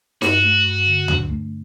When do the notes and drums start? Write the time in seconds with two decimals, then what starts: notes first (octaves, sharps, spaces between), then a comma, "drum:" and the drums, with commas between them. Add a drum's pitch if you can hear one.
0.22 G2 F#4, drum: snare D#4
0.44 A3
0.65 G2
0.87 D3
1.08 D4, drum: tom D2
1.30 A3